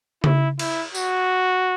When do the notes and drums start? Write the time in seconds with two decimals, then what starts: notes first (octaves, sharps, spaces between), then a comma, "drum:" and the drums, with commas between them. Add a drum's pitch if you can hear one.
0.24 E4, drum: tom C#3
0.59 E4, drum: cymbal
0.95 F#4, drum: tambourine